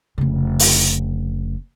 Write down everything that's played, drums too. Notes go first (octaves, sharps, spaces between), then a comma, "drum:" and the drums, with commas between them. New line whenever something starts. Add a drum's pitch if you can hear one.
F1 C#3
drum: open hi-hat